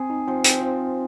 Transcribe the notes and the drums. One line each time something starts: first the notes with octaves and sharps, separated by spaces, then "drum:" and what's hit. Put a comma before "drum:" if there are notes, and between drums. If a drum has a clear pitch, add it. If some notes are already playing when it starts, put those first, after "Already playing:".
Already playing: C4 G#4
D#4
F3 C4
C4, drum: hi-hat
F3